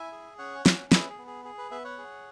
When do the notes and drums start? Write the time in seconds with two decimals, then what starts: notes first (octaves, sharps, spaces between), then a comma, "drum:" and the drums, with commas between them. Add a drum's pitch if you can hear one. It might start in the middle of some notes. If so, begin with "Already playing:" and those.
Already playing: E4 E5 G#5
0.12 G#4
0.38 C#4 C#5 F#5
0.66 C#4, drum: snare
0.92 G#4 B4 E5, drum: snare
1.10 G#4
1.18 B3
1.27 G#4
1.45 G#4
1.58 B4
1.71 B3 B4 E5
1.84 C#5 F#5
1.98 G#4